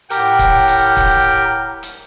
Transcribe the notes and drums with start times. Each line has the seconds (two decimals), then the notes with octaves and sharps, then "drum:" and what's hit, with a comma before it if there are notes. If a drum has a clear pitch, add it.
0.10 A2 G4 A#4 F#5 G5, drum: hi-hat
0.39 drum: kick C#1, hi-hat
0.68 drum: hi-hat
0.97 drum: kick C#1, hi-hat
1.83 drum: hi-hat